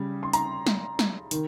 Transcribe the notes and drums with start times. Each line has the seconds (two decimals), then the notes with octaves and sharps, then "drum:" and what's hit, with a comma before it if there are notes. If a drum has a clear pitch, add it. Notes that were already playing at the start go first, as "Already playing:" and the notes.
Already playing: C#3 G3
0.23 C6
0.33 A#5, drum: hi-hat
0.67 drum: snare
0.99 drum: snare
1.31 D#3, drum: hi-hat